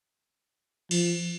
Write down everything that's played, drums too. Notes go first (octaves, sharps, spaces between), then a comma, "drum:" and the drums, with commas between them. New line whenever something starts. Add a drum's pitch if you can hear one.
F3, drum: cymbal